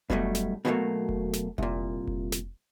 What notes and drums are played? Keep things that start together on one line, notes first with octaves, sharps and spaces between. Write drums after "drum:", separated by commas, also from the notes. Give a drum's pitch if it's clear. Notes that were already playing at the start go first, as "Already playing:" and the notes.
G2 B2 F#3 G3 A3, drum: kick F1
drum: snare
B2 D#3 F#3 G3 A3 A#3
drum: kick F1
drum: snare
C2 A#2, drum: kick F1
drum: kick F1
drum: snare